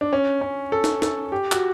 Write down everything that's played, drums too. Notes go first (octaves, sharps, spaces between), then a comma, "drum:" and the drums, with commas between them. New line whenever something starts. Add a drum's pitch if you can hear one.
D4
C#4
C#4
A4
drum: snare
A4, drum: snare
G4
F#4, drum: clap